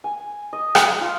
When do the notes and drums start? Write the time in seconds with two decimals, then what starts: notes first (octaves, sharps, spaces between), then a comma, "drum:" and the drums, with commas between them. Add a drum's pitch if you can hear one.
0.04 G#5
0.53 D#5
0.75 drum: rim click
1.01 F4